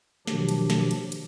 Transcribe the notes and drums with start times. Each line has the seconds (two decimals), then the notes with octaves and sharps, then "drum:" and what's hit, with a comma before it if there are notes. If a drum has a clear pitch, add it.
0.27 B2 D#3 F3 F#3 D4 G4, drum: snare
0.49 drum: cymbal
0.70 drum: snare
0.91 drum: cymbal
1.12 drum: cymbal